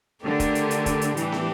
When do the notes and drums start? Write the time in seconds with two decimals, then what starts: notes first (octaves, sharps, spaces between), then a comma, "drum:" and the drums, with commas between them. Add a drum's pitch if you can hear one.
0.24 D3 A3 D4 G4 A#4
0.40 drum: kick, hi-hat
0.55 drum: hi-hat
0.71 drum: hi-hat
0.86 drum: kick, hi-hat
1.01 drum: hi-hat
1.17 A2 E3 G3 D4 G4, drum: hi-hat
1.32 drum: snare